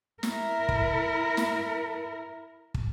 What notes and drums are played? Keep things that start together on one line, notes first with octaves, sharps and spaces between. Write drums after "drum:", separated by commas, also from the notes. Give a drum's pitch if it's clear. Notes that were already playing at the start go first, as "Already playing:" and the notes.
E4 A#4, drum: snare
drum: kick
drum: snare
drum: kick